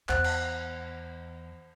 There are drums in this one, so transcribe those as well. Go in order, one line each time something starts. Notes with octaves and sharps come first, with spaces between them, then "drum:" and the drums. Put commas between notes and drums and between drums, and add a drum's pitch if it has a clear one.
E2 C5 F#5 F#6, drum: clap
drum: cymbal